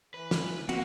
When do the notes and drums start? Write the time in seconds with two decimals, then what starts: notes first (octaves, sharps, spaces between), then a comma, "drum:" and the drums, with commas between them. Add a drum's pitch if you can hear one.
0.14 E3 B4
0.31 drum: snare
0.69 E2 G#2 A#3 C4 F#4 D#5, drum: cymbal